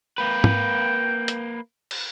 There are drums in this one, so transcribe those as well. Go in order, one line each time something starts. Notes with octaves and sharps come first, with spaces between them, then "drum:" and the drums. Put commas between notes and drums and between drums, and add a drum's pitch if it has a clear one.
A#3 B4 G5
drum: tom G#2
drum: hi-hat
drum: cymbal